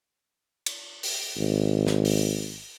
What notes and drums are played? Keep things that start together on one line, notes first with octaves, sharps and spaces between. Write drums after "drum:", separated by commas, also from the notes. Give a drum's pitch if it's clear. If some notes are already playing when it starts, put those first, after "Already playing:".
drum: cymbal
drum: open hi-hat
G#1
drum: snare
drum: open hi-hat